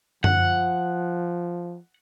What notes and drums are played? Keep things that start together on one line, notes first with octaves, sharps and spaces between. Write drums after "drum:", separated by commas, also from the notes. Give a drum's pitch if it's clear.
F3 F#5, drum: tom F#2